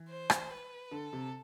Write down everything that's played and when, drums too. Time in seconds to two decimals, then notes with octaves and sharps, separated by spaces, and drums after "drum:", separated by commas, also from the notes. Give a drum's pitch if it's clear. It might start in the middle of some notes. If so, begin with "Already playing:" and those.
Already playing: E3
0.09 C5
0.30 drum: rim click
0.50 B4
0.91 D3 A4
1.13 C3